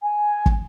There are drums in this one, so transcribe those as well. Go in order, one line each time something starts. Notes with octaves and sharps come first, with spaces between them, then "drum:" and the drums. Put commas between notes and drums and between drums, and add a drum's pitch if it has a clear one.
G#5
drum: kick